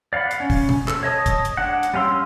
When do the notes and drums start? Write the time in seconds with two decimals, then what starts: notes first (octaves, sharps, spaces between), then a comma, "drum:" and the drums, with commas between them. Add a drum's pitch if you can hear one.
0.13 D5 F5 F#5 B5
0.31 drum: hi-hat
0.40 C#4
0.50 drum: kick, open hi-hat
0.69 drum: tom B2
0.88 A4, drum: clap
1.03 C#5 D#5 A5 D#6
1.26 drum: kick, hi-hat
1.45 drum: hi-hat
1.57 G#3 D4 F#5
1.83 drum: hi-hat
1.93 G3 C#4 F5 C6 E6